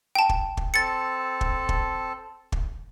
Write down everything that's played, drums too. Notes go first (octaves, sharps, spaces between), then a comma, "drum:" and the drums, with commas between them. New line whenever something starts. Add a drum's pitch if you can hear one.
G5 A5
drum: kick
drum: kick
C4 A4 A5 A6 C#7
drum: kick
drum: kick
drum: kick